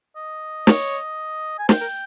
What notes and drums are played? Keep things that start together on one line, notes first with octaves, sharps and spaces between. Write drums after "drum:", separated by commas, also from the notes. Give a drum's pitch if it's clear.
D#5
C#5, drum: snare
G#5
C5 G5, drum: snare
A#4